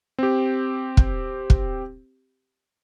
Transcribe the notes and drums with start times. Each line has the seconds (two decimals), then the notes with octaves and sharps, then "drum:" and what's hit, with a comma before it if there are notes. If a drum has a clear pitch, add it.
0.19 C4 G4
0.97 drum: kick
1.50 drum: kick